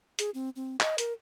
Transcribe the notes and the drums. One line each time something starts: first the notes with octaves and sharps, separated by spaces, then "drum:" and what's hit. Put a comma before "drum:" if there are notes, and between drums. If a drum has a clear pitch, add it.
G#4, drum: hi-hat
C4
C4
D#5, drum: clap
A#4, drum: hi-hat